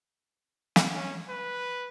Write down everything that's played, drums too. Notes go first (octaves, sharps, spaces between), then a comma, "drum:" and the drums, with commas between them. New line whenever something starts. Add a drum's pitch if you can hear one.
drum: snare
C#4
B4